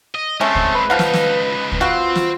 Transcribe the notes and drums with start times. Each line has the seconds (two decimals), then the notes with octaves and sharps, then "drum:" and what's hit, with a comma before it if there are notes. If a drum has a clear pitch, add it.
0.15 D#5
0.41 G#3 A3 C4 C#4
0.55 drum: kick C#2
0.75 B4
0.90 C#2 F3 D#4 F5 F#5
0.99 drum: snare
1.14 drum: snare
1.72 drum: kick C#2
1.81 C4 F4 F#4 B4
2.16 drum: snare